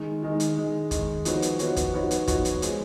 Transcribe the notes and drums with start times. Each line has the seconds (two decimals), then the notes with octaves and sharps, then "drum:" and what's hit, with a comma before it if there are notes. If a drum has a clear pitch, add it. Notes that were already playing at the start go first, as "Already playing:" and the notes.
Already playing: D#3 G#3 D#4
0.23 D#3 G#3 D#4
0.40 drum: hi-hat
0.57 D#3 G#3 D#4
0.91 D#3 G#3 D#4, drum: kick, hi-hat
1.25 F3 B3 D#4 F#4 C#5, drum: hi-hat
1.42 drum: hi-hat
1.59 F3 B3 D#4 F#4 C#5, drum: hi-hat
1.76 drum: kick, hi-hat
1.94 F3 B3 D#4 F#4 C#5
2.11 drum: hi-hat
2.27 F3 B3 D#4 F#4 C#5, drum: kick, hi-hat
2.45 drum: hi-hat
2.62 F3 G#3, drum: hi-hat